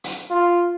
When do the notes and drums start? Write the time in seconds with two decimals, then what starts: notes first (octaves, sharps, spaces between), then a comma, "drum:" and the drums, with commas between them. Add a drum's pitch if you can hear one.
0.04 drum: hi-hat
0.30 F4